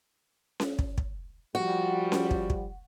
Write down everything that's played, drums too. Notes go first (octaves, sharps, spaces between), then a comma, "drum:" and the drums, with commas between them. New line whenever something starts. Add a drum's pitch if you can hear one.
drum: snare C#4
drum: kick
drum: kick
F3 G3 F#4
drum: snare C#4
drum: kick
drum: kick